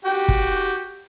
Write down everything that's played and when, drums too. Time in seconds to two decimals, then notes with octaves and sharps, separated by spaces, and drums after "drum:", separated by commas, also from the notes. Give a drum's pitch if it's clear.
0.05 F#4 G4 G5
0.28 drum: kick